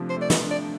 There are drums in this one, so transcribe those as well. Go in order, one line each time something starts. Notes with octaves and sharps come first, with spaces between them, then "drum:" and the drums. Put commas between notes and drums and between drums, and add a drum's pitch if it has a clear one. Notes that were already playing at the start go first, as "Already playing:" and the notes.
Already playing: C3 F3 A3 D4
C5
A3 D5
D#5, drum: snare
D4
D5